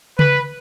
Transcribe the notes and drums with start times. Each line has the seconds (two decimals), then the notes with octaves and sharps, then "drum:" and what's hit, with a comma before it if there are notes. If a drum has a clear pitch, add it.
0.19 B4, drum: tom C#3